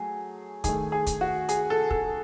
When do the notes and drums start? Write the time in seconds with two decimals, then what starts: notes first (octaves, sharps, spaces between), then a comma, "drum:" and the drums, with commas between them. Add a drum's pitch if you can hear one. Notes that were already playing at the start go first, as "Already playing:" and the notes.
Already playing: F#3 A3 G#4
0.64 D#3 A3 G#4, drum: kick, hi-hat
0.92 G#4
1.07 drum: kick, hi-hat
1.21 F#4
1.49 G#4, drum: hi-hat
1.70 A4
1.90 A4, drum: kick